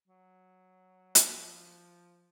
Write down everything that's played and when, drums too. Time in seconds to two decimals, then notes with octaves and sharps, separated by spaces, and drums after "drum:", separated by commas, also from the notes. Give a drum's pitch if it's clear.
0.08 F#3
1.15 F3, drum: hi-hat